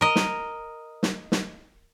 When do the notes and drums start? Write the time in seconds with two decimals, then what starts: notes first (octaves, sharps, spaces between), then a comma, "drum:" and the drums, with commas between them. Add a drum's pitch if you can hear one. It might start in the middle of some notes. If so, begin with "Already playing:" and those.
0.01 A#4 D#5
0.16 drum: snare
1.03 drum: snare
1.32 drum: snare